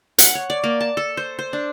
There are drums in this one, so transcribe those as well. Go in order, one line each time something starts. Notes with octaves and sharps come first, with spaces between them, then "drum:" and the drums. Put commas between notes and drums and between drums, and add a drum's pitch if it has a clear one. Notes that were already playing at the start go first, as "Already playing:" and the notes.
F#5, drum: hi-hat
C#5
D5
A#3
A5
A4
C5
C5
D4